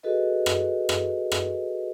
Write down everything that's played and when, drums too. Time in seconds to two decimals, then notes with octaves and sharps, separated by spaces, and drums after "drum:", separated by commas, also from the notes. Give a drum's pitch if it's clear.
0.03 F#4 G#4 A4 B4 D#5
0.46 drum: rim click
0.89 drum: rim click
1.32 drum: rim click